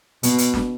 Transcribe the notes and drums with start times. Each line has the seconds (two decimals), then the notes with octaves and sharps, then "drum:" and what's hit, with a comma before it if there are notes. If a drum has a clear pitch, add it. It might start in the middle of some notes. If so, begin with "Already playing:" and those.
0.23 B2, drum: hi-hat
0.38 drum: hi-hat
0.54 drum: snare